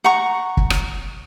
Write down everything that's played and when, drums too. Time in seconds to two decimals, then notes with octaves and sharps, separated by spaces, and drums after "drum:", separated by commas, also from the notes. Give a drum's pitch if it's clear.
0.04 F#5 A#5 C#6
0.57 drum: kick
0.70 drum: rim click